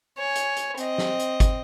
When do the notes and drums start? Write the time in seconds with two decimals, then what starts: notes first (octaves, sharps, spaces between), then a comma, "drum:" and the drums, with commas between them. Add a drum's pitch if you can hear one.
0.18 C#5 G#5
0.35 drum: hi-hat
0.56 drum: hi-hat
0.77 C4 D#5, drum: hi-hat
0.98 drum: snare
1.19 drum: hi-hat
1.40 drum: kick G1, hi-hat